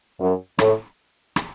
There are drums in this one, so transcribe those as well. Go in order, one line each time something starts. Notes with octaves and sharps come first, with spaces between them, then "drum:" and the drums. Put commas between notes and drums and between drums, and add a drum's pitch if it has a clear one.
F#2
A2, drum: rim click
drum: rim click